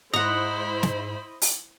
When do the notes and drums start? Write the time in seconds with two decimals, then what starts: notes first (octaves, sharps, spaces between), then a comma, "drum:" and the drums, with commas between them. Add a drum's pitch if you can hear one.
0.14 G#2 E4 C5 D#5 F#5 A#5 B5
0.83 drum: snare
1.42 drum: open hi-hat